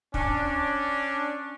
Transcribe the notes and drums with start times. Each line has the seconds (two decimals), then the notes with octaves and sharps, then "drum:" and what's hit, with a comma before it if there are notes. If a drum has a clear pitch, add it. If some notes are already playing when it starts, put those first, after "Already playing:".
0.14 C#4 D4, drum: kick